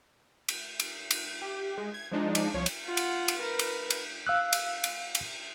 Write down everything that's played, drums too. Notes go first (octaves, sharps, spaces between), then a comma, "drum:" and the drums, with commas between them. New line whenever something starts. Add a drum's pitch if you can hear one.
drum: cymbal
drum: cymbal
drum: cymbal
G4
G#3
G#6
F3 G#3 D4 D#4
drum: cymbal
C2 F3 C#5
drum: cymbal
F4 F#5
drum: cymbal
drum: cymbal
A#4 B4
drum: cymbal
drum: cymbal
F5 E6 F#6
drum: cymbal
drum: cymbal
drum: cymbal